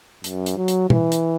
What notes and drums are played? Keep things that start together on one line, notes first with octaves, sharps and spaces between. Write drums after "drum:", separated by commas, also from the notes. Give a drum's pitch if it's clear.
F#2, drum: hi-hat
drum: hi-hat
F#3
drum: hi-hat
E3, drum: tom
drum: hi-hat